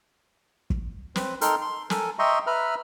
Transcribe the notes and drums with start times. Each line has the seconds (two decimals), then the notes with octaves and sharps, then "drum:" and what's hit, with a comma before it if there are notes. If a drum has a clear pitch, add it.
0.70 drum: kick
1.16 C4 B4, drum: snare
1.41 D#4 A4 A#4 G5 C6 F6, drum: hi-hat
1.61 C6
1.90 A4 A#4 G#5, drum: snare
2.19 D#5 E5 G5 A#5 C6 C#6
2.47 B4 E5 A#5 B5 F6